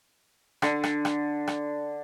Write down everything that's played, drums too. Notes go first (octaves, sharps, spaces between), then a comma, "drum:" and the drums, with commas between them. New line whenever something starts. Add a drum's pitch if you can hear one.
D3, drum: rim click
drum: rim click
drum: rim click
drum: rim click